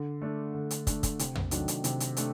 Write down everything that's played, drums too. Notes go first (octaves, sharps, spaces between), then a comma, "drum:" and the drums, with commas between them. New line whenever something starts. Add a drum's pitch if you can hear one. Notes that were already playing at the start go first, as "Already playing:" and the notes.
Already playing: D3
A3 D4
D3
drum: hi-hat
A3 D4, drum: kick, hi-hat
drum: kick, hi-hat
C3, drum: hi-hat
drum: tom
D#3 F#3 A3 D4, drum: hi-hat
drum: hi-hat
C3, drum: hi-hat
drum: hi-hat
A3 D4, drum: hi-hat